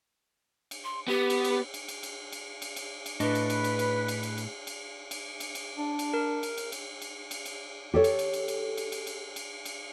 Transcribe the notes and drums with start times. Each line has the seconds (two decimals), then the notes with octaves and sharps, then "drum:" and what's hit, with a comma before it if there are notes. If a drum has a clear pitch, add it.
0.71 drum: cymbal
0.84 C6
1.08 B3 G4
1.30 drum: cymbal
1.44 drum: cymbal
1.74 drum: cymbal
1.88 drum: cymbal
2.03 drum: cymbal
2.32 drum: cymbal
2.62 drum: cymbal
2.76 drum: cymbal
3.06 drum: cymbal
3.20 A2 D4 B4 D#5, drum: cymbal
3.35 drum: cymbal
3.50 drum: cymbal
3.64 drum: cymbal
3.79 drum: cymbal
4.08 drum: cymbal
4.23 drum: cymbal
4.38 drum: cymbal
4.67 drum: cymbal
5.11 drum: cymbal
5.40 drum: cymbal
5.55 drum: cymbal
5.76 D4
5.99 drum: cymbal
6.14 A#4
6.43 drum: cymbal
6.58 drum: cymbal
6.72 drum: cymbal
7.02 drum: cymbal
7.31 drum: cymbal
7.46 drum: cymbal
7.94 G4 A4 C#5
8.04 drum: cymbal
8.19 drum: cymbal
8.33 drum: cymbal
8.48 drum: cymbal
8.77 drum: cymbal
8.92 drum: cymbal
9.07 drum: cymbal
9.36 drum: cymbal
9.65 drum: cymbal